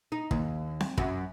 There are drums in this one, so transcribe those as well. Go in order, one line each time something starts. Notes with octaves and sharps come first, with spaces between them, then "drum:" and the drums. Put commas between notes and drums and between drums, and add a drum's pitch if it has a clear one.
D#4
D#2, drum: kick
drum: snare C4
F#2, drum: kick